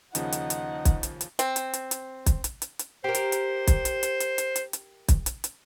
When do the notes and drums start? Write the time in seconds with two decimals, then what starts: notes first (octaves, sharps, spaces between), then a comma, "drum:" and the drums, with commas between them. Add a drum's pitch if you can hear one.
0.15 D#2 C#3 F3 D#4 F#5, drum: hi-hat
0.32 drum: hi-hat
0.50 drum: hi-hat
0.85 drum: kick, hi-hat
1.03 drum: hi-hat
1.21 drum: hi-hat
1.39 C4, drum: hi-hat
1.56 drum: hi-hat
1.73 drum: hi-hat
1.91 drum: hi-hat
2.26 drum: kick, hi-hat
2.44 drum: hi-hat
2.62 drum: hi-hat
2.79 drum: hi-hat
3.04 G4 A#4 C5
3.15 drum: hi-hat
3.32 drum: hi-hat
3.67 drum: kick, hi-hat
3.85 drum: hi-hat
4.03 drum: hi-hat
4.20 drum: hi-hat
4.38 drum: hi-hat
4.56 drum: hi-hat
4.73 drum: hi-hat
5.08 drum: kick, hi-hat
5.26 drum: hi-hat
5.44 drum: hi-hat